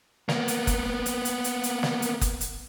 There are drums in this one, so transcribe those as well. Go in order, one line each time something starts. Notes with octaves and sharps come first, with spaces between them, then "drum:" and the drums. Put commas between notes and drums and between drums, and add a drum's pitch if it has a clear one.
A#3 B3, drum: snare
drum: hi-hat
drum: kick F#1, hi-hat
drum: hi-hat
drum: hi-hat
drum: hi-hat
drum: hi-hat
drum: snare
drum: hi-hat
drum: kick F#1, hi-hat
drum: hi-hat